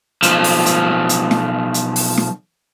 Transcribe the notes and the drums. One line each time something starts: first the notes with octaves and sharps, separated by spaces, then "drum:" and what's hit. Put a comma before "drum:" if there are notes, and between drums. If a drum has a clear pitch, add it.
B1 F3, drum: hi-hat
drum: open hi-hat
drum: hi-hat
drum: hi-hat
drum: snare
drum: hi-hat
drum: open hi-hat
drum: snare